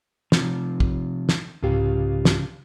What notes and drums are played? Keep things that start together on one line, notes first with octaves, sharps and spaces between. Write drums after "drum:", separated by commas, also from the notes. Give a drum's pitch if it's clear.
C3 F3, drum: snare
drum: kick
drum: snare
C2 G#2 C#3 F4 G4
drum: snare